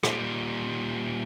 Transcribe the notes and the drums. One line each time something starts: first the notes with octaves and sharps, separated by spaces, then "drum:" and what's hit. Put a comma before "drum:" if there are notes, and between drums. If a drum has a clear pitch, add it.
A#2 G3, drum: rim click